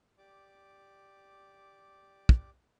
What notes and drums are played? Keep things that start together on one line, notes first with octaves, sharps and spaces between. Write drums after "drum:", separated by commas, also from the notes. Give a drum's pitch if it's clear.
G4 D5 D6
drum: kick